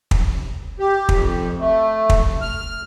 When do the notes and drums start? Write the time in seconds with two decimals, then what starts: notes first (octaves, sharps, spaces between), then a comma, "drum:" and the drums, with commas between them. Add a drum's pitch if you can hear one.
0.11 drum: kick
0.79 G4
1.09 F2, drum: kick
1.60 A3
2.10 drum: kick
2.41 F6